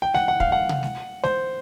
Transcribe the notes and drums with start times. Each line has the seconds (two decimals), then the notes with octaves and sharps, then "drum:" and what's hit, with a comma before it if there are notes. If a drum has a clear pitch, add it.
0.02 G5
0.14 F#5, drum: snare
0.28 F#5
0.40 F5, drum: kick
0.52 F#5
0.69 drum: tom C3
0.83 drum: snare
1.24 C5, drum: snare